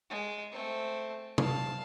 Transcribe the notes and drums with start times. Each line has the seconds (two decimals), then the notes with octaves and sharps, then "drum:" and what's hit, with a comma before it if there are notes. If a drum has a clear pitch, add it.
0.10 G#3
0.52 A3 C4
1.38 F5 A5, drum: tom